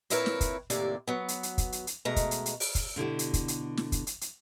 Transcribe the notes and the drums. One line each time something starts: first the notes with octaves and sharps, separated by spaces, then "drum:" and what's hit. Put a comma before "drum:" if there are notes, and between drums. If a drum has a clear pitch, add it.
A#2 C4 E4 A#4 B4 C#5, drum: hi-hat
drum: snare
drum: kick, hi-hat
D#2 A2 C3 A#3 D5, drum: hi-hat
F#3 B3
drum: hi-hat
drum: hi-hat
drum: kick, hi-hat
drum: hi-hat
drum: hi-hat
B2 G#3 A3 A#5
drum: kick, hi-hat
drum: hi-hat
drum: hi-hat
drum: open hi-hat
drum: kick, hi-hat
B2 D3 E4 G4
drum: hi-hat
drum: kick, hi-hat
drum: hi-hat
drum: snare
drum: kick, hi-hat
drum: hi-hat
drum: hi-hat